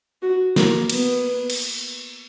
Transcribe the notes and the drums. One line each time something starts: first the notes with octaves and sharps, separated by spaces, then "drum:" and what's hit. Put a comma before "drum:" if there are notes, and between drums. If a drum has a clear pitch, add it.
F#4
A#3, drum: snare
B3, drum: cymbal
drum: cymbal